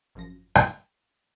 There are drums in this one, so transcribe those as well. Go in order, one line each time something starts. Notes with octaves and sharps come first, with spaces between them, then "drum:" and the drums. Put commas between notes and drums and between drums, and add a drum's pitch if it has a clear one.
G#1 F#2 F3 A#6
drum: rim click